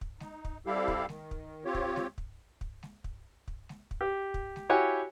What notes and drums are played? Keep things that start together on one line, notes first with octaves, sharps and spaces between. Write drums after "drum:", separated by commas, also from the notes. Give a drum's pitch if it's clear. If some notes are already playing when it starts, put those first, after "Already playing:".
drum: kick
D#4, drum: snare G#3
drum: kick
G3 C4 E4 G4 A4 F5
drum: kick
D#3, drum: snare G#3
drum: kick
C4 F4 G4 C#5
drum: kick
drum: snare G#3
drum: kick
drum: kick
drum: snare G#3
drum: kick
drum: kick
drum: snare G#3
drum: kick
G4
drum: kick
drum: snare G#3
E4 F#4 G4 C#5 F#5 G#5